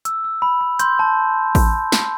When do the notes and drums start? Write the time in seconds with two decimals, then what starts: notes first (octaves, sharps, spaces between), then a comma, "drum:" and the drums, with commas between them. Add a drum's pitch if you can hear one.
0.05 E6, drum: hi-hat
0.24 E6
0.42 B5
0.61 B5
0.79 C6 G6, drum: hi-hat
0.99 A5
1.55 drum: kick A1, open hi-hat
1.92 drum: snare